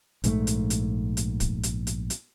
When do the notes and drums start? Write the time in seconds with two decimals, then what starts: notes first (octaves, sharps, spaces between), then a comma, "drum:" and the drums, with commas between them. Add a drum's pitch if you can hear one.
0.24 A#1 G#2 C#3 A3, drum: hi-hat
0.47 drum: hi-hat
0.70 drum: hi-hat
1.17 drum: hi-hat
1.40 drum: kick, hi-hat
1.63 drum: hi-hat
1.87 drum: hi-hat
2.10 drum: hi-hat